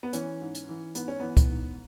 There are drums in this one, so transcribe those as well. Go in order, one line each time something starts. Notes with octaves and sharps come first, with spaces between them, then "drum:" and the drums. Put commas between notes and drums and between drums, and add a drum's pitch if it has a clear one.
B3
E3 C#4, drum: hi-hat
G#2
drum: hi-hat
E3
G#2 B3, drum: hi-hat
C#4
E3 B3
drum: kick, hi-hat
G#2